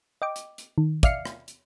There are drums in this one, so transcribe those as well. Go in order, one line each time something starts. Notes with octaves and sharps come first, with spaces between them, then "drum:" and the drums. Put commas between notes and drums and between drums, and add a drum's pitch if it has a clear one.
D#5 G5 D6
drum: hi-hat
drum: hi-hat
D#3
D5 E5 F5 F6 C7 C#7, drum: kick, hi-hat
drum: rim click
drum: hi-hat